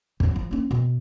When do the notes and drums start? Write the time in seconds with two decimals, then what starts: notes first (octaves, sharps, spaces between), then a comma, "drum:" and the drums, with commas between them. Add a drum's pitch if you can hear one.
0.20 G#1 F#2, drum: kick
0.36 F3
0.51 A#3 C#4
0.71 B2